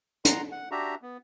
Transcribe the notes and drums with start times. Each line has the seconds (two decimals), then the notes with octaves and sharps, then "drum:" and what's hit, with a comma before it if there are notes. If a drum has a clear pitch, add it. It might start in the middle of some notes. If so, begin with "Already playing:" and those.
0.25 F#5 A#5 C6, drum: hi-hat
0.52 F#5
0.71 D4 F#4 G4 E5 A#5
1.02 B3